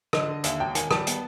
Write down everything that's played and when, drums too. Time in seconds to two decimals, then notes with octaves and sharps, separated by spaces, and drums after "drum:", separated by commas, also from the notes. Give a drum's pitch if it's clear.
0.13 D3 D#5, drum: rim click
0.28 D3
0.44 D#2 E5, drum: hi-hat
0.60 E1 G5
0.75 D#3 G#5, drum: hi-hat
0.91 G3 A5, drum: rim click
1.07 B3, drum: hi-hat